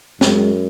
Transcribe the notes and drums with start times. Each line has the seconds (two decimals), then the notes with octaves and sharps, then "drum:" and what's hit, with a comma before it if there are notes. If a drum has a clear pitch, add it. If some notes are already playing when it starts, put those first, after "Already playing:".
0.21 F#2 G#3, drum: snare